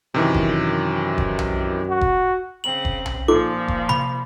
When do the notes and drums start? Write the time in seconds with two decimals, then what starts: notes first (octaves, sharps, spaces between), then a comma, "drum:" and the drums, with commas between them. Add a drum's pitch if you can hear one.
0.14 F#2 C3 D#3 E3
0.34 drum: kick F1
1.18 drum: kick F1
1.39 drum: tom B1
1.90 F#4
2.01 drum: kick F1
2.64 C#3 C4 F#7
2.85 drum: kick F1
3.06 drum: tom B1
3.28 A#2 F3 D#4 F4 A4 D6
3.68 drum: kick F1
3.89 B5, drum: tom C3